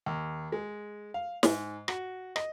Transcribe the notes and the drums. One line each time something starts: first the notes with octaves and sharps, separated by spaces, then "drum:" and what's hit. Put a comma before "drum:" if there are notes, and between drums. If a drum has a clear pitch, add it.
D#2
G#3
F5
G#2, drum: snare
F#4, drum: rim click
D#5, drum: rim click